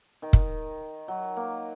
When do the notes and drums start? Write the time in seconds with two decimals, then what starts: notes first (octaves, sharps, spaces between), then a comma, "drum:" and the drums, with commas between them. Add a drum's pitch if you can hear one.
0.22 D#3
0.33 drum: kick
1.08 F#3
1.37 A#3